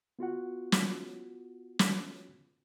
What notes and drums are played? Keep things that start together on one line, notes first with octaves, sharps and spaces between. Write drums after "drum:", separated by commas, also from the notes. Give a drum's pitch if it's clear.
B3 F4 F#4 F#5
drum: snare
drum: snare